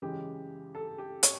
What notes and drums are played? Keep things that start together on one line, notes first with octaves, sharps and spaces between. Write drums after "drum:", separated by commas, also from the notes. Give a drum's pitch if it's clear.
F#2 C#3 E3 G#3 G4
A4
G4
C#5, drum: hi-hat